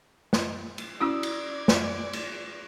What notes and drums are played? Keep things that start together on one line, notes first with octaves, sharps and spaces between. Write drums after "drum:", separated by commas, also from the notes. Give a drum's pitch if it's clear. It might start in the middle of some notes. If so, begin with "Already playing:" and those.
drum: snare
drum: cymbal
C#4 E4 F#4 D5 D#6 E6 G#6
drum: cymbal
drum: snare
drum: cymbal